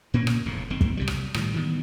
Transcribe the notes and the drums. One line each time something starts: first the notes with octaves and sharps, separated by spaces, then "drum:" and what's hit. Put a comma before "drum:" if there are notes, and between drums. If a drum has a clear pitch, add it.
A#2 A#3 C#4
drum: rim click
F1 E2 A2
F#1 D#3 C4
drum: kick
C2 C3 G3
drum: rim click
A2 D#3 G3, drum: rim click
D#3 E3 G3 B3